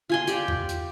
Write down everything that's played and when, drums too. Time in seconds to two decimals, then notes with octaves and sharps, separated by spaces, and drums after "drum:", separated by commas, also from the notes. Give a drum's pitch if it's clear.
0.09 F4 G#5 C6
0.27 G4 D5, drum: hi-hat
0.48 drum: tom E2
0.69 drum: hi-hat